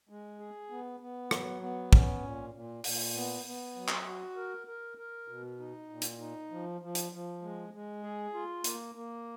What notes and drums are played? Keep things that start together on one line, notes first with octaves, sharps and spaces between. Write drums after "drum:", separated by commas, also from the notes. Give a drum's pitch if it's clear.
G#3
G#4
B3
B3
F#3, drum: rim click
B3
C#4, drum: kick
A#2
A#2
A#2, drum: open hi-hat
B3
B3
F#3
drum: clap
F#4
A#4
A#4
A#4
B2
D#4
A#2
drum: hi-hat
D#4
F3
F3
drum: hi-hat
F3
G#3
G#3
G#4
F4
A#3, drum: hi-hat
A#3